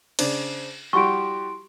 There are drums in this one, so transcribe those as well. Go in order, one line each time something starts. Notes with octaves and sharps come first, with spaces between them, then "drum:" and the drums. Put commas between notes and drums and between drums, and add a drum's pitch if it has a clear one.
C#3 D4 C5, drum: cymbal
G3 E4 F#4 G4 C6 C#6 D7